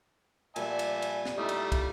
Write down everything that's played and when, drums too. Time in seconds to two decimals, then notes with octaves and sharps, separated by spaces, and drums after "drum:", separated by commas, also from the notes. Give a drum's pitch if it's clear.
0.56 A#2 G3 E5 G#5 A5, drum: cymbal
0.79 drum: cymbal
1.02 drum: cymbal
1.25 drum: snare
1.37 G3 A3 D#4 E4 D#5
1.49 drum: cymbal
1.72 drum: kick, cymbal